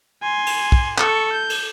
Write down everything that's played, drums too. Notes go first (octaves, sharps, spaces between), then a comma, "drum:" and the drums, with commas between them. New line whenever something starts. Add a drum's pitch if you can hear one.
G#5 C6
drum: cymbal
drum: kick
A4 C#6, drum: clap
G6
drum: cymbal